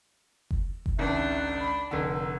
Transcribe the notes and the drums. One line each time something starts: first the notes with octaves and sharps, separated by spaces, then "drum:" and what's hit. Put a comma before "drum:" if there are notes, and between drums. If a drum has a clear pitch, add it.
drum: kick F#1
drum: kick F#1
G#1 C#2 D#3 D4 E5 F#6
B5
F1 D3 A#4 E6